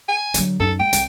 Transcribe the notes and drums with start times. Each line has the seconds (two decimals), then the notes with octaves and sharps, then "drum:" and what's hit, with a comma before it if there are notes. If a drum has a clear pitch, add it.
0.08 G#5
0.34 D3 F#3, drum: hi-hat
0.60 F#2 D#4 A4
0.79 G#3 G5
0.93 C2, drum: hi-hat